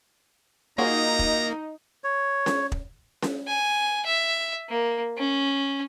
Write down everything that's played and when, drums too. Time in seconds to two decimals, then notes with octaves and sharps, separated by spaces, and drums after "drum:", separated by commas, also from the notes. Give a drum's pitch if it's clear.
0.78 A#3 D#4 F4 F#4 G#4 A#5
1.19 drum: kick
2.04 C#5
2.46 drum: snare C#4
2.72 drum: kick
3.22 drum: snare C#4
3.48 G#5
4.06 E5
4.69 A#3
5.17 C#4